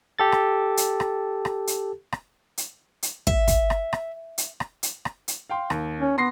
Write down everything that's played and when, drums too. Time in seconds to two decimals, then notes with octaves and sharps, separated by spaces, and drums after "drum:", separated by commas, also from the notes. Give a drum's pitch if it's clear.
0.19 G4 A4 A6
0.32 drum: rim click
0.77 drum: hi-hat
1.00 drum: rim click
1.45 drum: rim click
1.67 drum: hi-hat
2.12 drum: rim click
2.58 drum: hi-hat
3.03 drum: hi-hat
3.27 E5, drum: kick
3.48 drum: kick, hi-hat
3.70 drum: rim click
3.93 drum: rim click
4.38 drum: hi-hat
4.60 drum: rim click
4.83 drum: hi-hat
5.05 drum: rim click
5.28 drum: hi-hat
5.50 F5 G5 C6
5.70 D#2, drum: rim click
6.00 C#4
6.18 B3 C6 A#6 C7